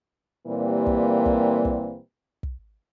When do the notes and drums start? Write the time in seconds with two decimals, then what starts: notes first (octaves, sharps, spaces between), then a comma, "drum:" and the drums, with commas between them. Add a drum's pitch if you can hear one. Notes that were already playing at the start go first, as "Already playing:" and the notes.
0.47 A#2 E3 G3 A#3 C4 G4
0.86 drum: kick
1.26 drum: kick
1.65 drum: kick
2.43 drum: kick